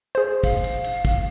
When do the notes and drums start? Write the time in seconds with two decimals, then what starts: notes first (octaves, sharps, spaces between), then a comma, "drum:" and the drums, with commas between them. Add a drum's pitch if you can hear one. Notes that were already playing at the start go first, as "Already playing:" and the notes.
0.15 G#4 C5
0.44 F5, drum: kick, cymbal
0.64 drum: cymbal
0.84 drum: cymbal
1.05 drum: kick, cymbal